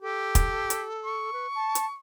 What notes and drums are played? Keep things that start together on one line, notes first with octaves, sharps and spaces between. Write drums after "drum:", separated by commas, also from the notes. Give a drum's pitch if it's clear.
G4 A4
drum: kick, hi-hat
drum: hi-hat
C#6
B4
A5
drum: hi-hat